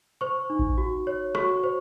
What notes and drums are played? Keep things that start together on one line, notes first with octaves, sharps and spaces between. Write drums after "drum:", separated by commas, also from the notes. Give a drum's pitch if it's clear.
C5 C#6
D#4
drum: kick A1
F#4
C#5
F#4 C#6, drum: rim click
C5